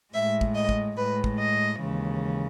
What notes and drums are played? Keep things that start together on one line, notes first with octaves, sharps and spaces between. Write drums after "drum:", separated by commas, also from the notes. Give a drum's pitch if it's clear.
A2 G#3 E5
drum: kick
D#5
drum: kick
A2 G#3 B4
drum: kick
D#5
D#2 C#3 E3 G#3